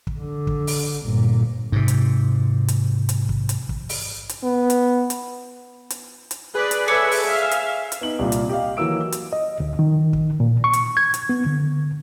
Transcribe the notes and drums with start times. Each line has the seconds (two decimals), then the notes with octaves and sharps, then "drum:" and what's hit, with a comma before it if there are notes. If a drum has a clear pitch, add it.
0.07 drum: kick
0.19 D3
0.47 drum: kick
0.67 drum: open hi-hat
1.03 G1 A#2
1.72 G#2 C3
1.88 drum: hi-hat
2.68 drum: hi-hat
3.09 drum: hi-hat
3.29 drum: kick
3.49 drum: hi-hat
3.69 drum: kick
3.89 drum: open hi-hat
4.29 drum: hi-hat
4.44 B3
4.70 drum: hi-hat
5.10 drum: hi-hat
5.90 drum: hi-hat
6.31 drum: hi-hat
6.55 G#4 B4 D5
6.71 drum: hi-hat
6.88 A4 B4 C#5 D5 E5
7.11 drum: open hi-hat
7.27 E5 F5
7.51 drum: hi-hat
7.92 drum: hi-hat
8.01 B3 D#4 F#7
8.19 C2 A#2
8.32 drum: hi-hat
8.49 G4 D#5 F5
8.77 E3 F#3 A#3 E6 D7
9.12 drum: hi-hat
9.33 D#5
9.60 D2
9.79 D#3
10.13 drum: kick
10.40 A#2
10.64 C#6
10.73 drum: hi-hat
10.97 G#6
11.14 drum: hi-hat
11.29 B3
11.46 D3